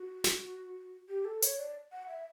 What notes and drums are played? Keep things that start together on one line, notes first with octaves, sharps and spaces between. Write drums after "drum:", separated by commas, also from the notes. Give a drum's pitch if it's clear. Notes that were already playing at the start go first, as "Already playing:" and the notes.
Already playing: F#4
drum: snare
G4
A4
C#5, drum: hi-hat
D5
F#5
E5